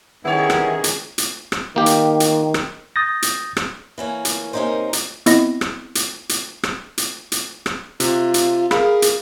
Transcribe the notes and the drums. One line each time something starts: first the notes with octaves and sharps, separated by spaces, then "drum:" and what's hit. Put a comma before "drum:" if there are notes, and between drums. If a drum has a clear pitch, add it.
D#3 B3 C#4 E4 G4 G#4 C#5
drum: rim click
drum: hi-hat
drum: hi-hat
drum: rim click
D#3 A#3 G4
drum: hi-hat
drum: hi-hat
drum: rim click
D#6 G6 A6 A#6
drum: hi-hat
drum: rim click
E3 A#3 C#4
drum: hi-hat
C3 A#3 C#4 D#4 A#4 C5
drum: hi-hat
B3 C4 E4 D#5 A#6, drum: hi-hat
drum: rim click
drum: hi-hat
drum: hi-hat
drum: rim click
drum: hi-hat
drum: hi-hat
drum: rim click
C3 F4, drum: hi-hat
drum: hi-hat
G#4 A#4 F5 B5, drum: rim click
drum: hi-hat